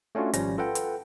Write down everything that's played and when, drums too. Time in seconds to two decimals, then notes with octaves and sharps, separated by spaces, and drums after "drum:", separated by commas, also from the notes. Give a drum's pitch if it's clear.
0.15 A3 C#4 D4 F4 F#4
0.34 G#1 F3 G3 C#4 A#6, drum: hi-hat
0.58 F4 A4 B4 F#5 G5
0.75 drum: hi-hat